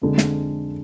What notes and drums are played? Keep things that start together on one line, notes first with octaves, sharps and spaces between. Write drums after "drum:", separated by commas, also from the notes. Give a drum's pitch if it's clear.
F2 D3 G#3
drum: snare